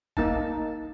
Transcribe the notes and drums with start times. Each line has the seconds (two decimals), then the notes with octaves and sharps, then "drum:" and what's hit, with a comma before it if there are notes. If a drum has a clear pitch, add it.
0.17 A#3 D#4 A5, drum: kick